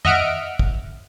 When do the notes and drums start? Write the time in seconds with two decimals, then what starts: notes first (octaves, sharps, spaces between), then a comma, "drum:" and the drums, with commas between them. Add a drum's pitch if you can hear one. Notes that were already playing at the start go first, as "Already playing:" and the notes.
0.05 D#5 E5 F#5 F6 D7, drum: tom F2
0.59 drum: kick